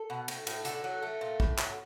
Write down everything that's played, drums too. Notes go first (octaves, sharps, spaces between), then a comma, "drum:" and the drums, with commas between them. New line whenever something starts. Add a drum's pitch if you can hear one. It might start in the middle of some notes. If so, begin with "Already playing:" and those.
Already playing: A4
B2
A2, drum: cymbal
A2, drum: cymbal
D3 A4, drum: hi-hat
F#3
A3
A#2
A2, drum: kick
F#3, drum: clap